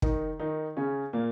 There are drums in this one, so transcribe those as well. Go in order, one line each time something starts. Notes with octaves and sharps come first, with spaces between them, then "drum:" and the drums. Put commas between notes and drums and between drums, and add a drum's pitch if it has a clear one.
D#3 D#4, drum: kick
D#3 D#4
C#3 C#4
A#2 A#3